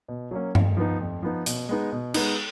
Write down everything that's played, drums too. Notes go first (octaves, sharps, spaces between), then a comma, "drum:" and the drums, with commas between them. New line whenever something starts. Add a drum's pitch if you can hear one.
B2
F#3 A#3 C#4
F2, drum: tom G2
F3 B3 D#4
F2
F3 B3 D#4
B2, drum: hi-hat
G#3 B3 D#4
B2
G#3 B3 D#4, drum: cymbal